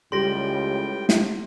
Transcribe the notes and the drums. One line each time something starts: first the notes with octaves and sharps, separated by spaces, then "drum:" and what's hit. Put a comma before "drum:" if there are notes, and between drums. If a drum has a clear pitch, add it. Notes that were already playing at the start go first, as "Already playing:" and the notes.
C#2 A2 G3 G5 C6 A#6
drum: snare